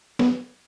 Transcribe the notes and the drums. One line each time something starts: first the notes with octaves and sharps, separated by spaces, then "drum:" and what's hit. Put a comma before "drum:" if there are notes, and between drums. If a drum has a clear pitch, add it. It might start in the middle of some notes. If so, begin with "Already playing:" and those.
B3, drum: snare